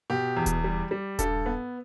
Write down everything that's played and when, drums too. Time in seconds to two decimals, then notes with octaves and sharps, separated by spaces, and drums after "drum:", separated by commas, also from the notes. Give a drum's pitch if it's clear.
0.10 B2 G4
0.37 E2
0.46 drum: kick D#1, hi-hat
0.64 G3
0.91 G3
1.19 G2 A4, drum: kick D#1, hi-hat
1.46 B3